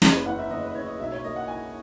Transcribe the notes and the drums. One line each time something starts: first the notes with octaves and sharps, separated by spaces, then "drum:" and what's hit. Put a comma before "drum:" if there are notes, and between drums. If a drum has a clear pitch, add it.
F#1 D#5, drum: snare
B4
E2 F#5
E5
F#1 D#5
B4
F#1 C#5
D#5
B1 E5
C#5
A#3 D#5
F#5
E4 G#5